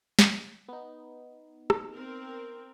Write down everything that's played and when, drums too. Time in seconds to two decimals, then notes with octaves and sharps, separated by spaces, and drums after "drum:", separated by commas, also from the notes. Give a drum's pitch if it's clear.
0.19 drum: snare
0.69 B3 D#4
1.70 drum: rim click
1.93 C4 A#4